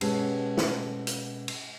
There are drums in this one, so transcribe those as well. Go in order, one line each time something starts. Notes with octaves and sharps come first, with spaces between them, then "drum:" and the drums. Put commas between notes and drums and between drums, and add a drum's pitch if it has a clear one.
B2 G#3 B3 C#4 G4 A4, drum: cymbal
drum: snare
drum: hi-hat
drum: cymbal